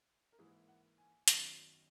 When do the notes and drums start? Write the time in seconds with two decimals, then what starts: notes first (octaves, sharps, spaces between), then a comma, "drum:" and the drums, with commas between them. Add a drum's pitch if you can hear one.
0.32 A#4
0.39 G#2 E3 A#3 E4 G#4
0.68 F#5
0.98 G#5
1.28 G#1 F#2 D#3 F#3 B3, drum: hi-hat